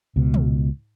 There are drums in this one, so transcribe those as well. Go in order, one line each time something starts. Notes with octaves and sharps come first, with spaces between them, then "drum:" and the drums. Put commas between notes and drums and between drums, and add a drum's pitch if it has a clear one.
C#2 B2
drum: tom